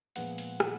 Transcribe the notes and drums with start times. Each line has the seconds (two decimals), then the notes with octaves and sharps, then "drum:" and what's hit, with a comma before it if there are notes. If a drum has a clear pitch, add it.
0.16 A#2 F3 G#3 B3 F#5, drum: open hi-hat
0.38 drum: open hi-hat
0.60 drum: rim click